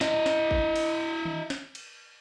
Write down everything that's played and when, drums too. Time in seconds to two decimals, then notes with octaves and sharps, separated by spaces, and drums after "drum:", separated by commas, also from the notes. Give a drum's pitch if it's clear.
0.01 E4 D#5, drum: snare
0.26 drum: snare
0.51 drum: kick
0.76 drum: cymbal
1.25 drum: tom D#3
1.50 drum: snare
1.75 drum: cymbal